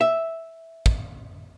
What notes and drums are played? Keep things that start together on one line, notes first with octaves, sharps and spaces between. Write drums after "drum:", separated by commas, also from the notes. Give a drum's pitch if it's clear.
E5
drum: kick